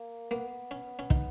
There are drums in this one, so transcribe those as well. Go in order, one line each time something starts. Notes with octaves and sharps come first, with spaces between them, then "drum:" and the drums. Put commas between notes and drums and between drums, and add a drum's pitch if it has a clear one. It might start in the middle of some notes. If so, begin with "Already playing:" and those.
Already playing: A#3
A#3 B3
C#4
C#4
D#4, drum: kick